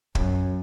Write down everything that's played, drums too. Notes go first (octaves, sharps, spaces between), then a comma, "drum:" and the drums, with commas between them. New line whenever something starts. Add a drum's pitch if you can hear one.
F#2, drum: kick